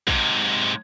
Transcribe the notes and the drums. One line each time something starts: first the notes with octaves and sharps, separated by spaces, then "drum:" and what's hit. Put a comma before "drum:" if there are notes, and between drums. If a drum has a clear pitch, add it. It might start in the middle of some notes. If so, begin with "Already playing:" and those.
G#2 C3, drum: kick